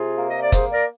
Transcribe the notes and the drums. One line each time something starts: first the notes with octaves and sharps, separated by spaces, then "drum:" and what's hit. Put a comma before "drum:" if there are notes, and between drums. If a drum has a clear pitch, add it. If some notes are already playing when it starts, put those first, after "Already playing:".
Already playing: C3 F4 G#4
A#3
D#5
D5
A#3 G#4 C5, drum: kick, hi-hat
A#4 D5